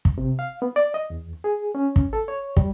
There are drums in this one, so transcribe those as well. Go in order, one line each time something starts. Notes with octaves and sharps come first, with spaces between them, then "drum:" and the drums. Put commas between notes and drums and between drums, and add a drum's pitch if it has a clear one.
drum: kick
C3
F5
B3
D5
D#5
E2
G#4
C#4
drum: kick
A4
C#5
G3, drum: kick